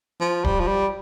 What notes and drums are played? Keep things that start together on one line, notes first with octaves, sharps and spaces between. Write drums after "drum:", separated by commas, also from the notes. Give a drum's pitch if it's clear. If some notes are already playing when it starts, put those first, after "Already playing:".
F3
G3, drum: kick D1
F3
G3